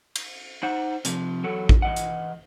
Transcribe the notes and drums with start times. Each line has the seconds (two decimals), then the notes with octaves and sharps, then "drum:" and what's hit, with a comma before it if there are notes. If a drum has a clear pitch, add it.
0.16 drum: cymbal
0.63 D#4 C5 F#5
1.05 C3 F3, drum: hi-hat
1.44 E2 F#3 A4 F#5
1.69 drum: kick A1
1.82 E3 D#5 F#5
1.96 drum: hi-hat